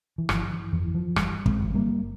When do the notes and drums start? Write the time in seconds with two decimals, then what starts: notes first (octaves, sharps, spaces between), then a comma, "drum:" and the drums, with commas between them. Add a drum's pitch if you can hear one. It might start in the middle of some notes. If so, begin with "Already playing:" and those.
0.18 E3
0.29 G1 F3, drum: rim click
0.51 E3
0.72 F2 E3
0.94 F3
1.16 G1 E3 G3, drum: rim click
1.46 G#3 C4, drum: kick
1.60 G1
1.74 G3 A#3